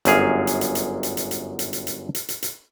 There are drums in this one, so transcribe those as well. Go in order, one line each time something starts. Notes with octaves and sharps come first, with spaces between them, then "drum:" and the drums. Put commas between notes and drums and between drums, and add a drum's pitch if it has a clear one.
G1 F#2 G#4 F5, drum: hi-hat
drum: hi-hat
drum: hi-hat
drum: hi-hat
drum: hi-hat
drum: hi-hat
drum: hi-hat
drum: hi-hat
drum: hi-hat
drum: hi-hat
drum: hi-hat
drum: hi-hat
drum: hi-hat